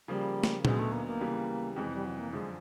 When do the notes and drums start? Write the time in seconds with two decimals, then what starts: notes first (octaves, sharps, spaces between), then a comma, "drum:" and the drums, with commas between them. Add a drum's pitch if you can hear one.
0.08 C#3 F3 G3 A#3
0.44 drum: snare
0.65 D2 D3 F#3 G#3 B3 D#4, drum: tom A#2
0.79 A3
0.92 A#3
1.07 A#3
1.21 C#3 E3 G3
1.76 F2 C3 E3 G#3
1.94 G3
2.05 F#3
2.19 A#3
2.33 F#2 D3 F3 G#3